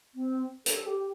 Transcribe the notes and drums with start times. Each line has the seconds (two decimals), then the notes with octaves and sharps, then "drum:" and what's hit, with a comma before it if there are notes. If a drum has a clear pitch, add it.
0.15 C4
0.66 A4, drum: hi-hat
0.86 G4